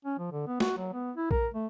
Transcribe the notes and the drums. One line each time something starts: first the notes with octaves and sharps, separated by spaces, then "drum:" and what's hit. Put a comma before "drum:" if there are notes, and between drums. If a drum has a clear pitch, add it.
C#4
F3
D3
B3
F#4, drum: snare
F#3
B3
E4
A#4, drum: kick A#1
A3